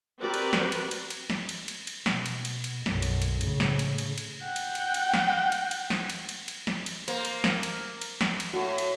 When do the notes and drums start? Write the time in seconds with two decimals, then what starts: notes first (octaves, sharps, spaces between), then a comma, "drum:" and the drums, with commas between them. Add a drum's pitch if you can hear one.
0.20 C4 F#4 G4 A#4 B4 D5
0.34 drum: cymbal
0.53 drum: snare
0.72 drum: cymbal
0.91 drum: cymbal
1.10 drum: cymbal
1.30 drum: snare
1.49 drum: cymbal
1.68 drum: cymbal
1.87 drum: cymbal
2.06 B2, drum: snare
2.26 drum: cymbal
2.45 drum: cymbal
2.64 drum: cymbal
2.86 B1 F#2, drum: snare
3.02 drum: cymbal
3.22 drum: cymbal
3.41 A2 C#3, drum: cymbal
3.60 drum: snare
3.79 drum: cymbal
3.98 drum: cymbal
4.18 drum: cymbal
4.43 F#5 G5
4.56 drum: cymbal
4.75 drum: cymbal
4.94 drum: cymbal
5.14 drum: snare
5.52 drum: cymbal
5.71 drum: cymbal
5.90 drum: snare
6.10 drum: cymbal
6.29 drum: cymbal
6.48 drum: cymbal
6.67 drum: snare
6.86 drum: cymbal
7.08 A#3 C5, drum: cymbal
7.25 drum: cymbal
7.44 drum: snare
7.63 drum: cymbal
8.01 drum: cymbal
8.21 drum: snare
8.40 drum: cymbal
8.53 A2 F#4
8.78 drum: cymbal